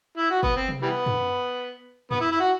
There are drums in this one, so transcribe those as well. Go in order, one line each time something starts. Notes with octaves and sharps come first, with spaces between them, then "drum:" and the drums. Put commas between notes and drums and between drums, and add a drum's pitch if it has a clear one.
E4
F#4
B3, drum: kick
C4
drum: tom C3
E3 G3 B3
drum: tom F#2
B3, drum: tom F#2
E4
E4
F#4